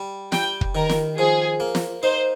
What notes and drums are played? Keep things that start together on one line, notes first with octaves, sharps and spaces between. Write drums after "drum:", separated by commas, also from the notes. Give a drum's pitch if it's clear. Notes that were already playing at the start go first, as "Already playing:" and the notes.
Already playing: G3
G3 G5, drum: snare
drum: kick
D#3 A#4
drum: snare
F3 G#4
A#3
drum: snare
D#4 C5